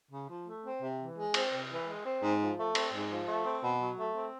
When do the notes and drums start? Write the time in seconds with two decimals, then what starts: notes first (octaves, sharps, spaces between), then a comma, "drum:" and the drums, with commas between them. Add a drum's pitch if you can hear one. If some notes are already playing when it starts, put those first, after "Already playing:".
0.11 C#3
0.30 F3
0.47 A3
0.65 C4
0.82 C3
0.99 E3
1.17 G#3
1.34 C4, drum: cymbal
1.53 C3
1.70 E3
1.88 G#3
2.05 C4
2.23 G#2
2.40 F3
2.58 A3
2.75 C4, drum: cymbal
2.93 G#2
3.11 F3
3.28 A3
3.46 C4
3.64 B2
3.81 F#3
3.98 A3
4.15 C4